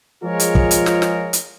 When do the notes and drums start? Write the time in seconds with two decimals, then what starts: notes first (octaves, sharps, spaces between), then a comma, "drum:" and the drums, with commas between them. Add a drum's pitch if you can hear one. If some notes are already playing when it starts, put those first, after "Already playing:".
0.24 F3 G#3 F4 G#4 A#4 C#5
0.40 drum: hi-hat
0.55 drum: kick
0.71 drum: hi-hat
0.86 drum: snare
1.02 drum: snare
1.33 drum: hi-hat